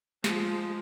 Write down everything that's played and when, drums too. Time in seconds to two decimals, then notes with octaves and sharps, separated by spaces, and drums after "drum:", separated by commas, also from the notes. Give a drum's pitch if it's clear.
0.24 F3 G#3, drum: snare